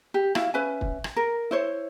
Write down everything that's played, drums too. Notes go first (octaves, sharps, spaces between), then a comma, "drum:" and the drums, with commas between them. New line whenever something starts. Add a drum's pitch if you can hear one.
G4
E4 F#4 F5, drum: rim click
C#4 B4 E5 G#5
drum: kick
drum: rim click
A#4
E4 C5 C#5